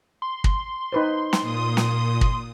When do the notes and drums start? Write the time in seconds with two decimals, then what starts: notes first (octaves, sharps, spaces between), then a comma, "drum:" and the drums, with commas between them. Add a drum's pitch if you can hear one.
0.22 C6
0.44 drum: kick
0.93 D#4 B4 C5
1.33 drum: snare
1.42 A#2 D#6
1.77 drum: snare
2.21 drum: kick